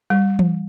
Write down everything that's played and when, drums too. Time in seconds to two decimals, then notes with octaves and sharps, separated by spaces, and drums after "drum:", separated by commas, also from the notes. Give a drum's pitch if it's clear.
0.10 G3
0.39 drum: tom E3